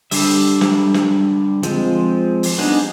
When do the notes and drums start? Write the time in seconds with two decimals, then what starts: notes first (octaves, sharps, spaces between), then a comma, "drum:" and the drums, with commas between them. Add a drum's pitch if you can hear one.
0.11 D3 G3 E5, drum: open hi-hat
0.61 drum: snare
0.94 drum: snare
1.63 F3 G#3 C4, drum: hi-hat
2.43 drum: open hi-hat
2.58 G3 B3 D4 D#4 G#4